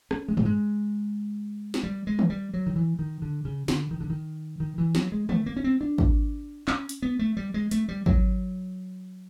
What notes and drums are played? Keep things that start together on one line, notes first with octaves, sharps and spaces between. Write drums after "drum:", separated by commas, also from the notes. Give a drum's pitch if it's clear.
C#4, drum: rim click
G#3
A3, drum: tom G2
G#3
drum: snare
G3
G#3
drum: tom D#3
G3
F#3
D#3
E3
D#3
D3
C#3
D3, drum: snare
D#3
D3
D#3
D#3
E3
F#3, drum: snare
G#3
A3, drum: tom D3
A#3
C#4
C4
D4
drum: kick
C#4, drum: clap
drum: hi-hat
B3
A3
G3
G#3
A3, drum: hi-hat
G3
F#3, drum: kick